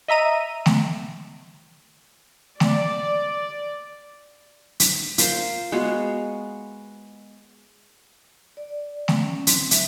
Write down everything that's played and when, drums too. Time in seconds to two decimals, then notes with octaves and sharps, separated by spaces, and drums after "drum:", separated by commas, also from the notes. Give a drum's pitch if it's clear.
0.08 D#5 E5 A#5 D#7
0.66 drum: snare A3
2.60 D5, drum: snare A3
4.80 drum: hi-hat
5.18 F4 A#4 C5, drum: hi-hat
5.72 G#3 B3 F#4 F5
8.57 D5
9.08 drum: snare A3
9.22 C#4
9.47 C4, drum: hi-hat
9.71 E5, drum: hi-hat